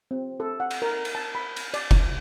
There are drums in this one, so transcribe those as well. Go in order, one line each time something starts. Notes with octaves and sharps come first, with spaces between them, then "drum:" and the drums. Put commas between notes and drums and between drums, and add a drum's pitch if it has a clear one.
C4
A4
F#5
drum: cymbal
A#4
drum: cymbal
A5
B5
drum: cymbal
D5, drum: cymbal
drum: kick F1, cymbal